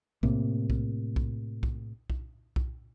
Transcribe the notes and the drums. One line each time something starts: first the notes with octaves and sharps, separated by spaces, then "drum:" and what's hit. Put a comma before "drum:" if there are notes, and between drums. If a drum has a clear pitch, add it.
A2 C3 A#3, drum: kick B1
drum: kick B1
drum: kick B1
drum: kick B1
drum: kick B1
drum: kick B1